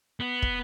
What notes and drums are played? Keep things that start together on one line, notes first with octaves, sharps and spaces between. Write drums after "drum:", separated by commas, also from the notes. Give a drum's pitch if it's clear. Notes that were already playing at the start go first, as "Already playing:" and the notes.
B3
drum: kick